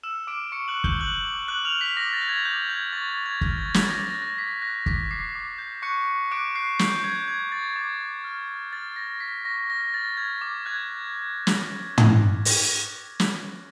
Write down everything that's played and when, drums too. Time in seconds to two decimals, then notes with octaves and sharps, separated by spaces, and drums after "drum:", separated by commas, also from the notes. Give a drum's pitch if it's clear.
0.03 E6 F6 E7
0.27 D6 F6 D7
0.52 C#6 F6 C#7
0.68 F#6 F#7
0.76 C#6
0.84 G6 G7, drum: kick
1.00 D6 F#6 F#7
1.24 D6
1.48 D6 F#6 F#7
1.65 F6 F7
1.73 F#6
1.81 B6
1.97 D6 A#6
2.13 A6
2.21 G6
2.29 G#6
2.45 D6 G6
2.69 G6 G#6
2.93 C#6 A6
3.09 G#6
3.18 C#6
3.26 G#6
3.41 F6 A6, drum: kick
3.58 A6
3.66 C#6
3.74 A6, drum: snare
3.90 D6 A#6
4.06 A#6
4.14 F#6
4.22 A#6
4.38 D6 B6
4.62 F#6 A#6
4.86 D6 B6, drum: kick
5.11 D6 C7
5.35 D6
5.58 G6
5.82 C#6 F#6 C#7
6.07 C#6
6.31 D6 F#6 D7
6.55 F#6 C7
6.79 D6 G6, drum: snare
6.92 G6
7.03 G6 G#6
7.16 G6
7.28 G6 G#6
7.52 G6 A6
7.76 D6
8.01 D6
8.24 F6
8.48 F6
8.72 F6 A6
8.96 F6 A#6
9.20 F6 B6
9.45 C#6 A#6
9.69 F6 A#6
9.94 F6 A6
10.17 F6 G#6
10.41 D6
10.66 F#6 G#6
11.47 drum: snare
11.98 drum: tom
12.45 drum: open hi-hat
13.20 drum: snare